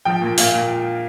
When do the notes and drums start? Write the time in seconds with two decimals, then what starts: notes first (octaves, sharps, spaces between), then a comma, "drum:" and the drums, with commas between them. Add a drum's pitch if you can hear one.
0.05 F3 G5
0.22 A#2
0.38 A#2 F5, drum: open hi-hat
0.54 A#2